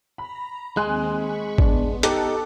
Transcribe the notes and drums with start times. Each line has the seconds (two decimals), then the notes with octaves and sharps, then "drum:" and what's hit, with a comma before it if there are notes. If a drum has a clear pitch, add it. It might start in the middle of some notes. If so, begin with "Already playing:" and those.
0.18 A#5 B5
0.77 D#2 G#3 C4 G#5 C6 F#6
1.13 B5 C#6
1.58 B3 D4, drum: kick G#1
2.03 D#4 G4 A4 D6 F#6, drum: hi-hat